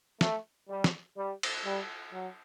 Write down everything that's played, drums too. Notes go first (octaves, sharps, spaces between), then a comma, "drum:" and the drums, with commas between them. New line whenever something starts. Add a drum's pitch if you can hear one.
A3, drum: snare
G3
drum: snare
G3
drum: cymbal
G3
F#3